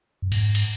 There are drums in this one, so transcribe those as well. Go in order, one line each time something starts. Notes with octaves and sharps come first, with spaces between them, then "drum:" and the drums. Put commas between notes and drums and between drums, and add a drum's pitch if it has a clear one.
F#2
G#2, drum: cymbal
drum: cymbal